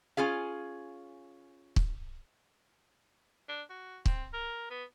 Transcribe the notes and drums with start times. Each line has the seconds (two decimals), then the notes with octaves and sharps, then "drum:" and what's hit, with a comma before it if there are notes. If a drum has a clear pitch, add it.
0.17 C#4 F4 G#4 F5
1.76 drum: kick
3.49 D4
3.70 F#4
4.06 C4, drum: kick
4.34 A#4
4.70 B3